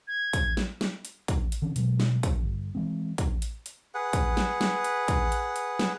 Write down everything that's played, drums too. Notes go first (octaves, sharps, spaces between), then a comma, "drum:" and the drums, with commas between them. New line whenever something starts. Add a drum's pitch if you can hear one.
G#6
drum: kick, hi-hat
drum: snare
drum: snare
drum: hi-hat
drum: kick, hi-hat
drum: hi-hat
D3 E3 C4 C#4
B2 F#3 G#3, drum: hi-hat
drum: snare
drum: kick, hi-hat
G1
E3 G#3 C4
drum: kick, hi-hat
drum: hi-hat
drum: hi-hat
G#4 B4 F#5
drum: kick, hi-hat
drum: snare
drum: snare
drum: hi-hat
drum: kick, hi-hat
drum: hi-hat
drum: hi-hat
drum: snare